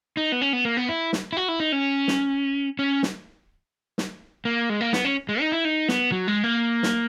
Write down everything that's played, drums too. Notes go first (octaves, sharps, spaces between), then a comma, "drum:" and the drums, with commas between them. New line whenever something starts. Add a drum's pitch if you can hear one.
D#4
B3
C#4
B3
A#3
B3
E4
drum: snare
E4
F#4
E4
D#4
C#4
drum: snare
C#4
drum: snare
drum: snare
A#3
G#3
A#3
B3, drum: snare
C#4
G#3
D#4
E4
D#4
B3, drum: snare
F#3
G#3
A#3
drum: snare